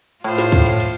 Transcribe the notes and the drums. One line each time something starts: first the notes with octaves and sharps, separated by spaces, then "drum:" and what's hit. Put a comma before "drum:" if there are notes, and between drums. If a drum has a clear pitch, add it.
A2 F4 C5, drum: cymbal
drum: snare
drum: kick, cymbal
drum: cymbal
drum: cymbal